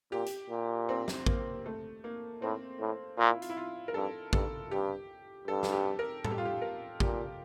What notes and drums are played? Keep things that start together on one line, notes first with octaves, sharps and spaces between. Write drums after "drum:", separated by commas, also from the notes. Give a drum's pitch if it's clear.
A#2 G4
drum: hi-hat
A#2
C4
drum: snare
A#3, drum: kick
A3
A#3
A2 C4
A2
A#2 F4
E4
F4, drum: hi-hat
E4
F4
A#4
G2 A4
G2 A4, drum: kick
G2 G4
G2 A4
drum: snare
G4
A#4
A4, drum: tom A2
G4
F4
G4
A#4
A#2 G4, drum: kick